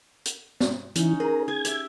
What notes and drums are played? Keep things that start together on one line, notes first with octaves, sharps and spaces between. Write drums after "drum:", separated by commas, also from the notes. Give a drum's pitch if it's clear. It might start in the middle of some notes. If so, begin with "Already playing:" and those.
drum: hi-hat
drum: snare B3
E3 C#4 D#4, drum: hi-hat
G#4 A#4
G#4 G#6
G4 E5, drum: hi-hat